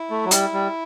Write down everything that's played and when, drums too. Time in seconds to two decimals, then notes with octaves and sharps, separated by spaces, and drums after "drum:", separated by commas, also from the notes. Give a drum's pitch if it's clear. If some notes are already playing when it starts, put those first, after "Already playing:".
Already playing: E4
0.10 A3
0.25 F#3
0.31 G3 E4, drum: hi-hat
0.53 G3